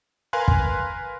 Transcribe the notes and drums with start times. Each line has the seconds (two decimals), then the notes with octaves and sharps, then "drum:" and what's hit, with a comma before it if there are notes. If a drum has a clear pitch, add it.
0.33 A#4 B4 F5 G#5 C6 F#6
0.48 drum: kick